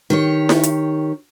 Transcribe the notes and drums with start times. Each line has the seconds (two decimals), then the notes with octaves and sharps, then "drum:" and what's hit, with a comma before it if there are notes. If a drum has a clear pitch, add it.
0.10 D#3 G4 C#5
0.49 drum: snare E4
0.63 drum: hi-hat